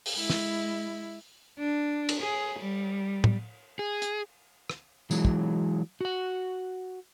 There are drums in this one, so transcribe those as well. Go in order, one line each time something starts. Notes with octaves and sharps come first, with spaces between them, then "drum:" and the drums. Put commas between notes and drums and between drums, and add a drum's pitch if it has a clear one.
drum: open hi-hat
G#3 E4
drum: snare
D4
drum: cymbal
G#4
G3
drum: tom
G#4
drum: hi-hat
drum: rim click
E3 F#3 G#3, drum: tambourine
drum: kick
F#4 F#5